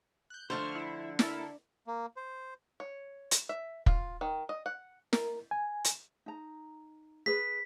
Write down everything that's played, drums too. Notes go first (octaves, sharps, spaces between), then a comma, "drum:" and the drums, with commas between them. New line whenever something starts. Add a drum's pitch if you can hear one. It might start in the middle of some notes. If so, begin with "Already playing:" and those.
F#6 G6
D3 F3 A3 C5 A5 C#6 F6
E4
E4 A4 A#4, drum: snare
A#3
C5
C#5
drum: hi-hat
E5
F4, drum: kick
D#3
D#5
F#5
A#4, drum: snare
G#5
drum: hi-hat
D#4 A#5
G#4 B4 B6